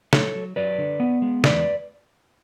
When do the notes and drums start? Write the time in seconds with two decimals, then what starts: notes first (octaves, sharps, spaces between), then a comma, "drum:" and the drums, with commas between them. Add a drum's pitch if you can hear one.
0.13 F#3 A4 C#5, drum: snare
0.36 F#3
0.56 F#3 B4 D5
0.78 D3
1.00 B3
1.22 G#3
1.44 E2 B4 D5, drum: snare